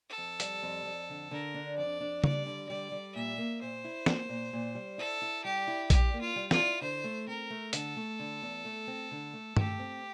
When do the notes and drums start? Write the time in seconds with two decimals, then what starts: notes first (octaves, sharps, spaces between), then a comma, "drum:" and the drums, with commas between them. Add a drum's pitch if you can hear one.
0.10 A4
0.18 F2
0.40 G3, drum: hi-hat
0.63 F2
0.85 F2
1.09 D3
1.31 D3 A#4
1.54 D4
1.78 F2 D5
2.00 D4
2.24 G3 D5, drum: tom
2.46 D3
2.69 G3 D5
2.92 G3
3.15 A#2 E5
3.38 A#3
3.61 A#2 C5
3.84 E4
4.06 A#3, drum: snare
4.29 A#2
4.53 A#2
4.75 G3
4.98 E4 A4
5.22 E4
5.44 G3 G4
5.67 E4
5.90 G3 G4, drum: kick A#1, hi-hat
6.14 A#3
6.21 F4
6.36 G3
6.51 F4, drum: snare
6.59 E4
6.81 D3 C5
7.04 A3
7.27 C4 A#4
7.50 A3
7.73 D3 A4, drum: hi-hat
7.97 A3
8.19 D3
8.42 E2
8.65 A3
8.87 C4
9.11 D3
9.33 A3
9.57 A3 G4, drum: tom G2
9.79 C4